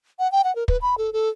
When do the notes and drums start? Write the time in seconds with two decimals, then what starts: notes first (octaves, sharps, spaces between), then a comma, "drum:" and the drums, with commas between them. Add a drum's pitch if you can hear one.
0.19 F#5
0.32 G5
0.44 F#5
0.55 A#4
0.68 B4, drum: kick
0.82 B5
0.98 A4
1.13 A4